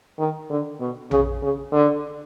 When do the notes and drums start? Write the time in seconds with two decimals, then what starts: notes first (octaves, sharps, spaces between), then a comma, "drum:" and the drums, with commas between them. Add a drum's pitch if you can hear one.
0.19 D#3
0.50 D3
0.80 B2
1.11 C#3, drum: tom A#1
1.42 C#3
1.72 D3